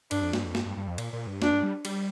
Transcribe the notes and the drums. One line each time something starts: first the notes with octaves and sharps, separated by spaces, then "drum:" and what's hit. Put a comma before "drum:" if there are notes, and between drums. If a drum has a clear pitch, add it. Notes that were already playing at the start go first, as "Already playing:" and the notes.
G2 D4, drum: cymbal
F2
G2, drum: snare
F2
G2, drum: snare
G2
G2
F2
A#2, drum: cymbal
A#2
G2
F2 D4, drum: snare
G2
G3
G3, drum: cymbal